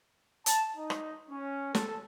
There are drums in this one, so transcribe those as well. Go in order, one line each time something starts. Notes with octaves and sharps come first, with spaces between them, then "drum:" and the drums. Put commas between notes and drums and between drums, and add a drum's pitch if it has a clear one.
A5, drum: hi-hat
D#4
drum: rim click
C#4
A4, drum: snare